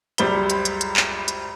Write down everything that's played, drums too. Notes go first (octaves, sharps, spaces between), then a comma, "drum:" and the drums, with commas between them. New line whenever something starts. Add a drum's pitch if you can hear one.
C#2 F#2 G3 C5 B5 G7, drum: hi-hat
drum: hi-hat
drum: hi-hat
drum: hi-hat
drum: clap
drum: hi-hat